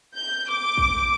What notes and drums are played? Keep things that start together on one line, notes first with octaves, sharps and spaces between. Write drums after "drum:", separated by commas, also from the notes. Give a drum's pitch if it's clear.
G6
D6
drum: kick